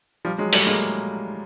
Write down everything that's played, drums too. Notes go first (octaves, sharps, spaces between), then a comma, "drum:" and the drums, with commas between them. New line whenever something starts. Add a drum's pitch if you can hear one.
F3 G3
F#3 G#3
G3 A3, drum: open hi-hat
G#3 A#3